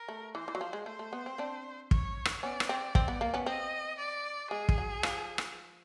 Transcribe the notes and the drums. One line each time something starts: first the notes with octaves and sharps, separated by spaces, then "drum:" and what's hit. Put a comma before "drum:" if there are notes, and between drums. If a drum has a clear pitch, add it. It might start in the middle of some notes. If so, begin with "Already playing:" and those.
Already playing: A#4
A3
E3 C5
E3
F#3
F3
G#3
A3 C5
A3
B3
C4
C4 D4
C#5, drum: kick
drum: rim click
B3 C#4 D5
drum: rim click
C4
C4, drum: kick
B3
A#3
B3 C#4
C4 D#5
D5
G#3 G#4
drum: kick
F#3
F3, drum: rim click
drum: rim click